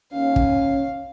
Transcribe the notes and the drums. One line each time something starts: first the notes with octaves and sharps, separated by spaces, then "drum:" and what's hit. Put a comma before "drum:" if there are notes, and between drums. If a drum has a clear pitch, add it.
D#2 C#4 F5
drum: kick